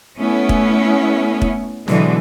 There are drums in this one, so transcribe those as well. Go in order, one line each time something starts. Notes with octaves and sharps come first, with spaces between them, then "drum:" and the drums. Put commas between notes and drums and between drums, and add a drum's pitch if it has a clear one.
A3 B3 C#4 E4
drum: kick
drum: kick
B2 D3 E3 F#3 G#3, drum: snare